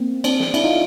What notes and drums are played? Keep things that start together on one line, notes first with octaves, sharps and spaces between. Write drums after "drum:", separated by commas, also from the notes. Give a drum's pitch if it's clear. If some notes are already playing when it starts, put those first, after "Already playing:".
Already playing: A#3 C4
C4 D4, drum: cymbal
drum: snare
D4 E4, drum: cymbal
D#4 F4